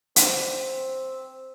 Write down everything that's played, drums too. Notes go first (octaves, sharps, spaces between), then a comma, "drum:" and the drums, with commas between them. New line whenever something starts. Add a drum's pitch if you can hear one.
C4, drum: hi-hat